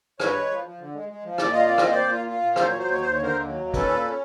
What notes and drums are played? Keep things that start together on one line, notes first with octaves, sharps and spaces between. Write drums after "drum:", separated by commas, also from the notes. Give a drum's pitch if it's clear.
G2 B4 C#5, drum: rim click
G#3
F3
F3
D3
G#3
G#3
F3
A#2 D5, drum: rim click
F4 D#5
C4 D5
A#2 D#5, drum: rim click
C5 D5
A#2
F4
F4
A#2
F#3 C5, drum: rim click
F#3 C#5
C5
D#2 C#5
D#2 C5
D3 C#5
A#4 C5
D#2
F#3
D#2
C#4 A4 B4, drum: kick, hi-hat
A#2
C#4